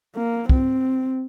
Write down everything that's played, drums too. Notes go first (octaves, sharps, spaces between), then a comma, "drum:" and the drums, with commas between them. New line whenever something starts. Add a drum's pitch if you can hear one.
A#3
C4, drum: kick